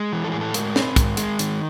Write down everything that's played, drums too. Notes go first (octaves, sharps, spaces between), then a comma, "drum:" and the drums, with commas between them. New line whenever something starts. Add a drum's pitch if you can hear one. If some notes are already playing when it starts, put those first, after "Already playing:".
Already playing: G#3
E3
A4
A2 G#4
A4
G#3 A#4, drum: hi-hat
C4, drum: snare
G#2, drum: kick, hi-hat
G#3, drum: hi-hat
D#3, drum: hi-hat